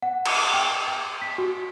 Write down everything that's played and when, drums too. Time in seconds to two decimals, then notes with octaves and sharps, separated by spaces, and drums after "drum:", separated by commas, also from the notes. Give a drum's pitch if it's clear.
0.02 F#5
0.25 drum: cymbal
0.53 G5
0.88 G5
1.22 B6
1.38 F#4